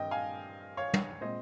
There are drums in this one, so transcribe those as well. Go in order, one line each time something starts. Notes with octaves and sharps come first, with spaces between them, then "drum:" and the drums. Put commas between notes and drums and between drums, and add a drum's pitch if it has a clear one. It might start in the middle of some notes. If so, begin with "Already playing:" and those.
Already playing: G2 G3 C4 D#5 G5
F5 G#5
C#5 F5
drum: tom
A#2 G#3 C4 C5 D#5